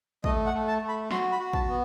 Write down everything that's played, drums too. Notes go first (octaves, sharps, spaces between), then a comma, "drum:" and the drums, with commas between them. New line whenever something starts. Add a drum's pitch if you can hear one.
A3 D#5, drum: kick
F#5
A3
A5
A3
B5
F#4 C6, drum: snare
B5
F#4
A5, drum: kick
B3